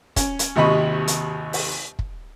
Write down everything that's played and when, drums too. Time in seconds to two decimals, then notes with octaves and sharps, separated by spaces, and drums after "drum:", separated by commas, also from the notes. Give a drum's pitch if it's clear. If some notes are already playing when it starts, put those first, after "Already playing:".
0.16 C#4, drum: kick, hi-hat
0.39 drum: hi-hat
0.56 G#1 D#2 C3 D#5 B5 C#6
1.08 drum: hi-hat
1.53 drum: open hi-hat
1.99 drum: kick